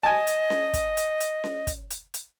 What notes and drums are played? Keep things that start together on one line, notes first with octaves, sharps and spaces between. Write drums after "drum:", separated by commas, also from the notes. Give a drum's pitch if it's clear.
D#5 G#5 A5
drum: hi-hat
drum: snare C#4
drum: kick, hi-hat
drum: hi-hat
drum: hi-hat
drum: snare C#4
drum: kick, hi-hat
drum: hi-hat
drum: hi-hat